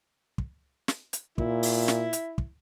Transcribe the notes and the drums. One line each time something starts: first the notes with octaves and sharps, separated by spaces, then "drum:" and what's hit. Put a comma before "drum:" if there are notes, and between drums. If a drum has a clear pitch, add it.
drum: kick
drum: snare
drum: hi-hat
A#2 E4, drum: kick
drum: open hi-hat
drum: snare
drum: hi-hat
drum: kick